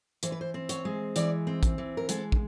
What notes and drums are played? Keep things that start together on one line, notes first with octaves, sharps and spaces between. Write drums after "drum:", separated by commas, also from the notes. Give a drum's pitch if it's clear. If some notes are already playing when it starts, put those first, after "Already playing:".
E3 C5, drum: hi-hat
B4
C5
C4
C#5, drum: hi-hat
G#3
E3 D5, drum: hi-hat
C4
drum: kick, hi-hat
E3
A#4
G#3 A4, drum: hi-hat
drum: kick